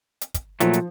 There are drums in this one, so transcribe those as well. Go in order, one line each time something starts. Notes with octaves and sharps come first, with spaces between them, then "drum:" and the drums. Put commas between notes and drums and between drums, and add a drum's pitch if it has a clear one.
drum: hi-hat
drum: kick, hi-hat
A#2 F3 F#3 A3, drum: hi-hat
drum: hi-hat